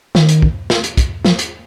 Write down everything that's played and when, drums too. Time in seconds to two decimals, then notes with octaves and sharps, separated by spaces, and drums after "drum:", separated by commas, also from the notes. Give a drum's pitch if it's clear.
0.15 D#3, drum: snare
0.29 drum: hi-hat
0.42 drum: kick
0.70 drum: snare
0.84 drum: hi-hat
0.97 drum: kick, hi-hat
1.25 F3, drum: snare
1.39 drum: hi-hat